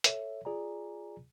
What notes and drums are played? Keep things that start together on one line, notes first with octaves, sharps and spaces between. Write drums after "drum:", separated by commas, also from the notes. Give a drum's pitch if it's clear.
A4 C#5 E5, drum: hi-hat
F4 G#4 D5 G#5 A#5